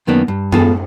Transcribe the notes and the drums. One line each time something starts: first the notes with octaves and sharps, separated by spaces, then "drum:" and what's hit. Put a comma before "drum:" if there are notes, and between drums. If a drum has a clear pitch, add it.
F#2 D#3 A#3 B3 D4
G2
B3 F4 G#4 A4, drum: tom F#2